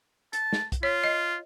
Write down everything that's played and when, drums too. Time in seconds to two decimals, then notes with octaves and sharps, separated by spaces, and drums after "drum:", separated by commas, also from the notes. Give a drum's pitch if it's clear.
0.33 A5, drum: hi-hat
0.53 drum: snare
0.72 drum: kick, hi-hat
0.83 F4 C#5
1.04 D#5